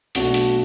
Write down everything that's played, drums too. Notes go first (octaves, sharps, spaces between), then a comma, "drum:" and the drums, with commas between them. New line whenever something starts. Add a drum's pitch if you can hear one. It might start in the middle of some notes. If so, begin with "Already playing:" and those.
B1 B2 A3 D4 F#4, drum: hi-hat
drum: hi-hat